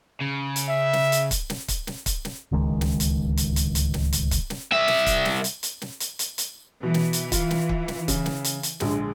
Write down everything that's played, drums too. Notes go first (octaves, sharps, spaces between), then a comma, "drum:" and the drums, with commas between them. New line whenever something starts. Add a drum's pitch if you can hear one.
C#3
drum: hi-hat
E5
drum: snare
drum: hi-hat
drum: kick, hi-hat
drum: snare
drum: kick, hi-hat
drum: snare
drum: kick, hi-hat
drum: snare
D1 C#2 D#3 G#3
drum: snare
drum: hi-hat
drum: hi-hat
drum: hi-hat
drum: hi-hat
drum: snare
drum: hi-hat
drum: kick, hi-hat
drum: snare
C2 E5
drum: snare
drum: kick, hi-hat
drum: snare
drum: hi-hat
drum: hi-hat
drum: snare
drum: hi-hat
drum: hi-hat
drum: hi-hat
B2 E3
drum: snare
drum: hi-hat
F4, drum: kick, hi-hat
drum: snare
drum: kick
drum: snare
C#3, drum: kick, hi-hat
drum: snare
drum: hi-hat
drum: hi-hat
A#1 D3 G#3, drum: snare